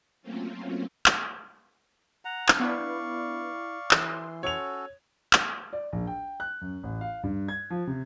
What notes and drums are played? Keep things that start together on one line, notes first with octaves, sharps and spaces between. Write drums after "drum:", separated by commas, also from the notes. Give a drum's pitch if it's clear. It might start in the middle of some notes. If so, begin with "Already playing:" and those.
F#3 A3 A#3 C4 C#4 F4
drum: clap
F#5 A#5
drum: clap
B3 D4 E4 B4 D5 F5 C#6
E3 C6, drum: clap
C#4 F#4 A4 C#5 F7
drum: clap
D5
A#1
G5
F#6
F#2
A1
F5
G2
G#6
F3
C3